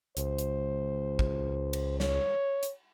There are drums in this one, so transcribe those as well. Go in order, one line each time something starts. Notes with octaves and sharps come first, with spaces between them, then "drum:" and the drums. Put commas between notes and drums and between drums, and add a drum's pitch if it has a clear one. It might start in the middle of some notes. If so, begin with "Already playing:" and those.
C#2 C5, drum: hi-hat
drum: hi-hat
drum: kick
drum: cymbal
C#5, drum: snare
drum: hi-hat